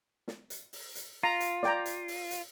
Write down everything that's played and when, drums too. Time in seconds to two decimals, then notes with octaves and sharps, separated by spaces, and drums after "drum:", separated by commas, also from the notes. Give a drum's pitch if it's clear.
0.28 drum: snare
0.50 drum: hi-hat
0.73 drum: open hi-hat
0.95 drum: hi-hat
1.23 F4 A#5
1.40 drum: hi-hat
1.63 D5 G5 A#5, drum: snare
1.85 drum: hi-hat
2.08 drum: open hi-hat
2.31 drum: hi-hat